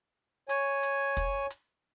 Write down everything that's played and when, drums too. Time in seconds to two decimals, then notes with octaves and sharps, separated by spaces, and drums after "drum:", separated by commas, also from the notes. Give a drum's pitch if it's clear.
0.49 C#5 G#5, drum: hi-hat
0.83 drum: hi-hat
1.17 drum: kick, hi-hat
1.50 drum: hi-hat